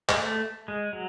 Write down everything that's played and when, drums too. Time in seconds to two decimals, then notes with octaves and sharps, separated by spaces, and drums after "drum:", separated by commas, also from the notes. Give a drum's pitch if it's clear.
0.09 G#3, drum: clap
0.18 A3
0.68 G#3
0.93 F#3